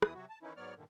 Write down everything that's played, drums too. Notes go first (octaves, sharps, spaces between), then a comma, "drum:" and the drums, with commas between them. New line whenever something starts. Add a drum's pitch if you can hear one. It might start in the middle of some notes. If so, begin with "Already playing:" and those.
E2 E3 E4 D#6, drum: rim click
C3 F#3 F#4
A5
D#3 E3 C#4 D#4 E4
G#2 F#3 B3 C#5 D5 F6
G2 A#2 D3 D#3